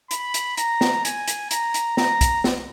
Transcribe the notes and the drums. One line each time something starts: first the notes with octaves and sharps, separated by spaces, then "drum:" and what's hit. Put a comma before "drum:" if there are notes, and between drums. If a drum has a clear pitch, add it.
B5, drum: hi-hat
drum: hi-hat
A#5, drum: hi-hat
drum: snare
G#5, drum: hi-hat
drum: hi-hat
A#5, drum: hi-hat
drum: hi-hat
A#5, drum: snare
drum: kick, hi-hat
drum: snare